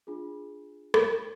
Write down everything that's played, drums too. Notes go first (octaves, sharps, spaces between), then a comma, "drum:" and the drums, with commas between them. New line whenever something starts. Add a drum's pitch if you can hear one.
D4 F4 G#4
drum: rim click